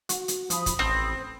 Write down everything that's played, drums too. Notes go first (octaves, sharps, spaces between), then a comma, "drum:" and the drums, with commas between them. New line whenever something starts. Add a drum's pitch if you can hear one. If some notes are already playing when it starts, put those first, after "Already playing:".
F#4, drum: hi-hat
drum: hi-hat
F3 B5 D#6, drum: hi-hat
drum: kick, hi-hat
A1 C4